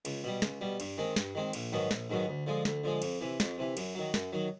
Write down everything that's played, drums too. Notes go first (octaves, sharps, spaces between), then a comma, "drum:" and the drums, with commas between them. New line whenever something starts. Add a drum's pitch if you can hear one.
C#2, drum: cymbal
B2 G3
C#2, drum: snare
B2 G3
G2, drum: cymbal
D#3 G#3 C4
G2, drum: snare
D#3 G#3 C4
A#1, drum: cymbal
G#2 D#3 F#3 B3
A#1, drum: snare
G#2 D#3 F#3 B3
D2
D3 F3 G#3
D2, drum: snare
D3 F3 G#3
F2, drum: cymbal
C3 E3
F2, drum: snare
C3 E3
F#2, drum: cymbal
D#3 F#3
F#2, drum: snare
D#3 F#3